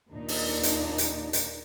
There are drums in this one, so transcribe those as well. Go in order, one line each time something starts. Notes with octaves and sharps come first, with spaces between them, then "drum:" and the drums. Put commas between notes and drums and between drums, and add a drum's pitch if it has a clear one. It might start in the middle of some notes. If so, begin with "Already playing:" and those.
D#2 A#2 D4 D#4
drum: open hi-hat
drum: hi-hat
drum: hi-hat
drum: hi-hat